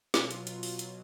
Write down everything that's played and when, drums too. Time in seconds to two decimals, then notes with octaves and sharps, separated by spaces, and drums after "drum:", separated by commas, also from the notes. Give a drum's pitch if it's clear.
0.14 B2 F#3 F4, drum: snare
0.31 drum: hi-hat
0.47 drum: hi-hat
0.63 drum: open hi-hat
0.79 drum: hi-hat